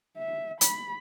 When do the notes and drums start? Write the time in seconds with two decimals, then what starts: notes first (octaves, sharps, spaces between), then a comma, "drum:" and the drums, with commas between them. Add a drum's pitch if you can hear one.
0.18 E5
0.61 B5, drum: hi-hat